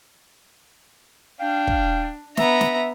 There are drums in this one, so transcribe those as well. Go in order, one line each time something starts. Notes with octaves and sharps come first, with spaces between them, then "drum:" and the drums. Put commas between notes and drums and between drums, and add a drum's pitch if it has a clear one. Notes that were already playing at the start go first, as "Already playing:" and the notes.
D4 F5 G5
drum: kick
B3 E5 A#5, drum: snare
drum: snare